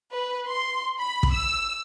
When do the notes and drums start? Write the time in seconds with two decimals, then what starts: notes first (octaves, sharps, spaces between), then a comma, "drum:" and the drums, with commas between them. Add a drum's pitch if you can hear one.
0.11 B4
0.49 C6
1.00 B5
1.23 drum: kick
1.33 E6